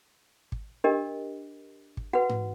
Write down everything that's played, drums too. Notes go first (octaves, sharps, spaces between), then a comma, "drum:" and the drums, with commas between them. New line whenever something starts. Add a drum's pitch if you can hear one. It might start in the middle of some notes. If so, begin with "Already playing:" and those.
drum: kick
D4 G4 A#4 D#5
drum: kick
F#4 B4 F#5
drum: tom G#2